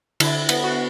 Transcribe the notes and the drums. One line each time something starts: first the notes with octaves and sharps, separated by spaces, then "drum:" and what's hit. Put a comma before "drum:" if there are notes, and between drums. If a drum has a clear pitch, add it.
D3 E4, drum: cymbal
B3, drum: cymbal
F#4